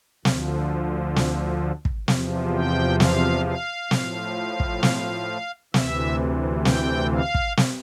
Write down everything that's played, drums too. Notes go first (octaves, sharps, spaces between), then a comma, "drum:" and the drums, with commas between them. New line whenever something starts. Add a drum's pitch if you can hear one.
D2 D3 F3, drum: snare
drum: snare
drum: kick
E2 C3 F3, drum: snare
G5
F5, drum: snare
F5
A2 F3, drum: snare
drum: kick
drum: snare
D2 C3 E3 E5, drum: snare
G5, drum: snare
F5
drum: kick
drum: snare